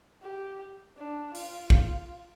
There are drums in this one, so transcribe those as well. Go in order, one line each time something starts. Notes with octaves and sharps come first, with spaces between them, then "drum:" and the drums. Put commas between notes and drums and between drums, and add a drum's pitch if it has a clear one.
G4
D4
F4, drum: open hi-hat
drum: kick